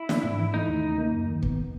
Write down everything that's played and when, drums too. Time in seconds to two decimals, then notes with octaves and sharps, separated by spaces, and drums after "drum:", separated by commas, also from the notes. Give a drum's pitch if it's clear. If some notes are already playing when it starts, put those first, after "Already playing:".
Already playing: E4
0.09 D4, drum: snare
0.24 G#2
0.38 E3
0.53 A3 D#4
0.68 D#2
0.84 C#3
0.98 A#3
1.13 F#2
1.28 D#3
1.42 B3, drum: kick